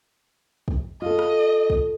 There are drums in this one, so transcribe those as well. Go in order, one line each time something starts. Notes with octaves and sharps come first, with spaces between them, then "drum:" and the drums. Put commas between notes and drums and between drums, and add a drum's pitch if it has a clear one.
drum: kick
F4 A4 D#5
drum: rim click
drum: kick